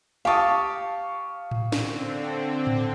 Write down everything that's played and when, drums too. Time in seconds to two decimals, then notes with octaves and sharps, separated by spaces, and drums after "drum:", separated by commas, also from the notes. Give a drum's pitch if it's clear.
0.25 G4 F5 A5 C#6 D#6
1.51 drum: tom A2
1.72 D3 C4, drum: snare
2.67 drum: tom A2